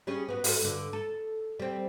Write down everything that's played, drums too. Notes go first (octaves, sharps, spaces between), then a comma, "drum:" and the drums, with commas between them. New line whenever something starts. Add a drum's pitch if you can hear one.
G3 C#4 G#4
B3 F#4
F#4 G4 A4, drum: open hi-hat
G2 D3
A4
G3 C4